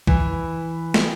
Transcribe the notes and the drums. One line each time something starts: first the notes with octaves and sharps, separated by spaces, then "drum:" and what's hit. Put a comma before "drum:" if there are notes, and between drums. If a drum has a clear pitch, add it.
E3, drum: kick B1
drum: snare